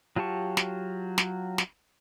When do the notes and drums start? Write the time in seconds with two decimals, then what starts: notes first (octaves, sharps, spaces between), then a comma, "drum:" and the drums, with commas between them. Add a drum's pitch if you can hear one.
0.16 F#3 F4 G4 A5 C#6
0.57 drum: snare
1.18 drum: snare
1.58 drum: snare